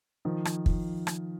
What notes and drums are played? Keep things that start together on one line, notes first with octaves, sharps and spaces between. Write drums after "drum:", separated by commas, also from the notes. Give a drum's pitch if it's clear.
D#3 F3
drum: rim click
drum: kick
drum: rim click